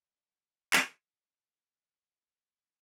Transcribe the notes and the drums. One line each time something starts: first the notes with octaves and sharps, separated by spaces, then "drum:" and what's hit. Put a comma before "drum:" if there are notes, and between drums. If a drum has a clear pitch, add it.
B1 G2 D3 D#5
drum: clap